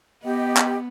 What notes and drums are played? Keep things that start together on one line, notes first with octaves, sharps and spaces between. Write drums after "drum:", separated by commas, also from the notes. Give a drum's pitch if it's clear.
B3 G4 D#5
drum: clap